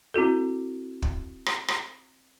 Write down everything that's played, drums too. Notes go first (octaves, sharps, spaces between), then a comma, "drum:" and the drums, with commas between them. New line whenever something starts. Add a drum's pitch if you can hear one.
C4 E4 F#4 A4
drum: kick
drum: rim click
drum: rim click